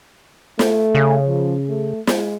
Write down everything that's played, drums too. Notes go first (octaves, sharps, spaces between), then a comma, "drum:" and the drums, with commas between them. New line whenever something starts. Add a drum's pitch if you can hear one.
A3, drum: snare
C#3
F3
A3
G#3, drum: snare